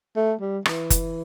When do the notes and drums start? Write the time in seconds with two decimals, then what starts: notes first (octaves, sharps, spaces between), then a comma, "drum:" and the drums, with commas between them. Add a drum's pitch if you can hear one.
0.16 A3
0.41 G3
0.66 E3, drum: rim click
0.90 drum: kick F#1, hi-hat